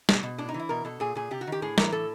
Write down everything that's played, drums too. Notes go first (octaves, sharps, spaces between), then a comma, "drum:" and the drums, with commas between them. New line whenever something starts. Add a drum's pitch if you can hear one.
B2, drum: snare
B2
A2 D4
D#4
E3
E4
B2 A#4
B2 A4
A#2 G#4
A#2 G#4
C3 G4
F#4
D#3 G4
A2 G#4
E3 A#4, drum: snare
A2 A4